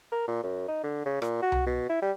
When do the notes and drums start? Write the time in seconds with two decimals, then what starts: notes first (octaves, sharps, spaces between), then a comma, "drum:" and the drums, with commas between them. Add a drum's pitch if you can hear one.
0.12 A#4
0.28 A#2
0.43 F#2
0.68 D#4
0.84 D3
1.05 C#3
1.22 A#2, drum: rim click
1.42 F#4
1.52 drum: tom C2
1.66 B2
1.89 E4
2.02 G3